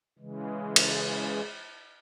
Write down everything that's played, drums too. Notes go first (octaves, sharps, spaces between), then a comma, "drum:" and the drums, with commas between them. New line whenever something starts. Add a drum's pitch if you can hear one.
C#3 E3 G#3
drum: cymbal